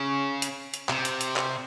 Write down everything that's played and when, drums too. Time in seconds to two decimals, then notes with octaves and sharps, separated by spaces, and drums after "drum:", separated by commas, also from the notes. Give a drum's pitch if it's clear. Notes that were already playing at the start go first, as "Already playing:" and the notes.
Already playing: C#3
0.42 drum: hi-hat
0.74 drum: hi-hat
0.89 C3, drum: clap
1.05 drum: hi-hat
1.21 drum: hi-hat
1.36 drum: clap